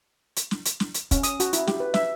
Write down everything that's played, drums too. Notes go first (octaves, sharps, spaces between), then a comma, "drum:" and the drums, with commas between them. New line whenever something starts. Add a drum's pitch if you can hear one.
drum: hi-hat
drum: snare
drum: hi-hat
drum: snare
drum: hi-hat
C#4, drum: kick, hi-hat
D#6, drum: hi-hat
F#4, drum: hi-hat
E4, drum: hi-hat
G4, drum: snare
B4
E5, drum: snare